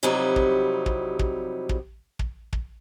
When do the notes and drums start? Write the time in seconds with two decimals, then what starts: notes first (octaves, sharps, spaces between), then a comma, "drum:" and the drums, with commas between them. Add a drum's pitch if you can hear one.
0.03 F2 C3 F#3 G3 D#4 E4
0.36 drum: kick
0.86 drum: kick
1.19 drum: kick
1.69 drum: kick
2.19 drum: kick
2.53 drum: kick